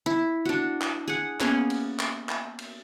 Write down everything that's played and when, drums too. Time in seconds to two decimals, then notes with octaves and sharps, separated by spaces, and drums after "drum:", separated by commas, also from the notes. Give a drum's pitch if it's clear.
0.06 E4
0.45 D4 F#4
0.81 drum: clap
1.08 G#4 F#5
1.40 A#3 B3 C#4 G#4, drum: clap
1.70 drum: cymbal
1.99 drum: clap
2.29 drum: clap
2.59 drum: cymbal